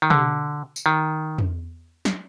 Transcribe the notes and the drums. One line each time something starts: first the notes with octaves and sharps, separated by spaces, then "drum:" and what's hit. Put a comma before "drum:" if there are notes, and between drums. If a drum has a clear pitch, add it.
D#3
D3, drum: tom
drum: tambourine
D#3
drum: tom
drum: snare